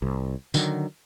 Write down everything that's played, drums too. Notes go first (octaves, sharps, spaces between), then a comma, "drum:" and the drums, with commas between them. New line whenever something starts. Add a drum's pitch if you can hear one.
C2
D3 D#3 F#3, drum: tambourine